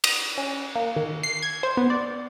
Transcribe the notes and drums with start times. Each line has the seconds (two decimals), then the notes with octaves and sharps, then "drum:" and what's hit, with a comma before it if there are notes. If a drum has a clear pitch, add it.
0.04 D#6, drum: cymbal
0.38 C#4
0.76 A#3
0.96 D#3
1.23 C7
1.42 G#6
1.63 C5
1.77 B3
1.90 D5